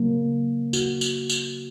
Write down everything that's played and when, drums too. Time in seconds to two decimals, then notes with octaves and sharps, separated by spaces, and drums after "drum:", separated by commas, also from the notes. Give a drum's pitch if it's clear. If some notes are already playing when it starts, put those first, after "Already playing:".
Already playing: C#3 F#3 A#3
0.73 F#4, drum: tambourine
1.01 drum: tambourine
1.29 drum: tambourine